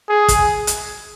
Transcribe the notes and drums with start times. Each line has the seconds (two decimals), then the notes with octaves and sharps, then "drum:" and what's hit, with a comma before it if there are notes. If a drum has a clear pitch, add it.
0.09 G#4
0.28 drum: kick, hi-hat
0.67 drum: hi-hat